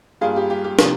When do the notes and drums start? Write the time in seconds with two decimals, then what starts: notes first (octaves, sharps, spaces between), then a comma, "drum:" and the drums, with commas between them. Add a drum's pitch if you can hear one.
0.21 G2 G3 A#3 F4 G#4
0.36 G4
0.50 G4
0.64 G4
0.79 C3 F3 A#3 G4, drum: snare